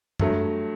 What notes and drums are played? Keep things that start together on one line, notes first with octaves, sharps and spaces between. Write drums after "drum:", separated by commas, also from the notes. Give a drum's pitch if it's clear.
G2 F#3 A3, drum: tom F#2